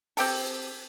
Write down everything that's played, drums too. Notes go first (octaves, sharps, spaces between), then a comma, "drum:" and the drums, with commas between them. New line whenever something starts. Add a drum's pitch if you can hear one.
C4 G4 A4, drum: open hi-hat